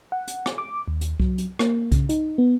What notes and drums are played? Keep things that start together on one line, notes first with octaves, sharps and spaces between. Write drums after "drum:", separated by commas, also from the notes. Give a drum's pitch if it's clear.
F#5
drum: hi-hat
drum: rim click
D6
D#2
drum: hi-hat
F#3, drum: kick C2
drum: hi-hat
A#3, drum: rim click
C#3, drum: kick C2, hi-hat
D#4, drum: hi-hat
B3